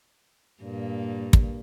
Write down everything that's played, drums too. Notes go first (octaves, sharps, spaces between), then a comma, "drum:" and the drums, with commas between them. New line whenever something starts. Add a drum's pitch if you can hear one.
G2 A#2 A#3
drum: kick